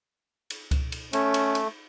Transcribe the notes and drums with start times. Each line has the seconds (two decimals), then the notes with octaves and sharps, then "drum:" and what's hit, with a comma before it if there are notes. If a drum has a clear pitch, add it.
0.50 drum: cymbal
0.71 drum: kick C#2, cymbal
0.92 drum: cymbal
1.13 A3 C#4, drum: cymbal
1.34 drum: cymbal
1.55 drum: cymbal